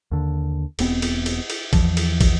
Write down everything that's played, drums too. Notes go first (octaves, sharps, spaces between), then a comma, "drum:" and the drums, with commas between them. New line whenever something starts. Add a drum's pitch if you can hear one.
D#2 D3
E1 B3 C4, drum: cymbal
drum: cymbal
drum: cymbal
drum: cymbal
E2 E3 F3, drum: kick, cymbal
drum: cymbal
drum: kick, cymbal